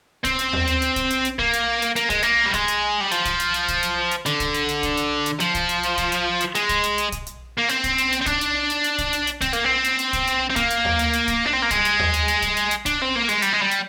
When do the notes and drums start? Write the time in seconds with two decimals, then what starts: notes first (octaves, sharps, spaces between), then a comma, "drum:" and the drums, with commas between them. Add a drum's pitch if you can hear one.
0.25 C4, drum: kick, hi-hat
0.39 drum: hi-hat
0.53 drum: tom D#2
0.67 drum: hi-hat
0.82 drum: hi-hat
0.96 drum: kick, hi-hat
1.10 drum: hi-hat
1.25 drum: hi-hat
1.39 A#3, drum: kick
1.53 drum: hi-hat
1.82 drum: hi-hat
1.96 A#3, drum: hi-hat
2.10 G#3, drum: kick, hi-hat
2.23 A#3, drum: hi-hat
2.45 G3
2.54 G#3, drum: kick, hi-hat
2.68 drum: hi-hat
3.01 G3
3.12 F3, drum: hi-hat
3.25 drum: kick, hi-hat
3.40 drum: hi-hat
3.54 drum: hi-hat
3.68 drum: kick, hi-hat
3.83 drum: hi-hat
4.11 drum: hi-hat
4.26 D3, drum: hi-hat
4.40 drum: kick, hi-hat
4.54 drum: hi-hat
4.69 drum: hi-hat
4.83 drum: kick, hi-hat
4.97 drum: hi-hat
5.26 drum: hi-hat
5.40 F3, drum: hi-hat
5.55 drum: kick, hi-hat
5.69 drum: hi-hat
5.83 drum: hi-hat
5.98 drum: kick, hi-hat
6.12 drum: hi-hat
6.41 drum: hi-hat
6.55 G#3, drum: hi-hat
6.69 drum: kick, hi-hat
6.84 drum: hi-hat
6.98 drum: hi-hat
7.12 drum: kick, hi-hat
7.27 drum: hi-hat
7.58 A#3
7.69 C4, drum: hi-hat
7.84 drum: kick, hi-hat
7.98 drum: hi-hat
8.12 drum: hi-hat
8.22 C4
8.26 D4, drum: kick, hi-hat
8.41 drum: hi-hat
8.70 drum: hi-hat
8.84 drum: hi-hat
8.98 drum: kick, hi-hat
9.13 drum: hi-hat
9.27 drum: hi-hat
9.42 C4, drum: kick, hi-hat
9.53 A#3, drum: hi-hat
9.65 C4
9.84 drum: hi-hat
9.99 drum: hi-hat
10.13 drum: kick, hi-hat
10.27 drum: hi-hat
10.50 C4
10.56 A#3, drum: kick, hi-hat
10.70 drum: hi-hat
10.85 drum: tom D#2
10.99 drum: hi-hat
11.13 drum: hi-hat
11.28 drum: kick, hi-hat
11.45 D4
11.53 C4
11.62 A#3
11.71 G#3, drum: kick, hi-hat
11.85 drum: hi-hat
11.99 drum: tom D#2
12.14 drum: hi-hat
12.28 drum: hi-hat
12.42 drum: kick, hi-hat
12.57 drum: hi-hat
12.71 drum: hi-hat
12.86 D4, drum: kick, hi-hat
13.01 C4
13.15 A#3
13.29 G#3, drum: hi-hat
13.42 G3, drum: hi-hat
13.53 G#3
13.62 G3
13.71 drum: hi-hat